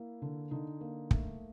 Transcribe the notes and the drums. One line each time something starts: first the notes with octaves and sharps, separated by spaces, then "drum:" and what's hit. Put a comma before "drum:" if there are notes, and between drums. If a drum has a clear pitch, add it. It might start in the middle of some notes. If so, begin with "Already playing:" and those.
Already playing: A#3 E4
D3
D3 D#4
A#3
A3, drum: kick